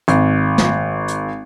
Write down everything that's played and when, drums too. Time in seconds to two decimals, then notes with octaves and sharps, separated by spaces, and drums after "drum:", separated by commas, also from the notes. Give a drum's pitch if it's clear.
0.08 G#1, drum: hi-hat
0.58 drum: snare
1.08 drum: hi-hat